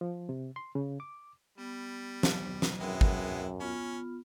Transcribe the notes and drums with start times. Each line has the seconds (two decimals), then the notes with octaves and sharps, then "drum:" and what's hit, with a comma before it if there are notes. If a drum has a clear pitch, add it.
0.01 F3
0.29 C3
0.56 C6
0.75 C#3
1.00 D6
1.58 G3 B3
2.23 drum: snare
2.62 drum: snare
2.80 F#2 G#3 B3 E4 A#4 G5
3.01 drum: kick
3.60 B3 C#4 F4